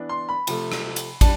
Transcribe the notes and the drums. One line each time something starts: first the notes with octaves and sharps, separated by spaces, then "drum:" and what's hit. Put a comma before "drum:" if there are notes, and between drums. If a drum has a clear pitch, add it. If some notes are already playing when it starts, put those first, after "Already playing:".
Already playing: E3 B3 D4
C6
B5
C3 F3 A3, drum: cymbal
drum: rim click
drum: cymbal
G3 D4 A5, drum: kick, cymbal